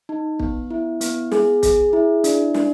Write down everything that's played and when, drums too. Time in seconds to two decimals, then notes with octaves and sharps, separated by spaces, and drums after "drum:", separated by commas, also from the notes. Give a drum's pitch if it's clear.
0.09 D#4
0.39 B3, drum: kick
0.71 E4
1.01 B3, drum: hi-hat
1.32 G#4, drum: snare
1.63 G#4, drum: kick, hi-hat
1.93 E4
2.24 D4, drum: hi-hat
2.54 D4, drum: snare